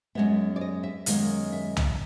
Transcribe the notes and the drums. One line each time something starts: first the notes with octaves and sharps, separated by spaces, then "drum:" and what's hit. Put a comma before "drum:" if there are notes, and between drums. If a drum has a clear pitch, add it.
F#2 D#3 G#3 B3 E5
D5
D#5
E5
F#2 D#3 G#3 B3 F5, drum: hi-hat
E5
drum: tom C2